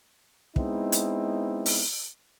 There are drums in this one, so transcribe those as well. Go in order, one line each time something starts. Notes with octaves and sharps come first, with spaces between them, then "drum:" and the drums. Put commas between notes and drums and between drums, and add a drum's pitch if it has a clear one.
G#3 B3 C4 D#4 E4, drum: kick
drum: hi-hat
drum: open hi-hat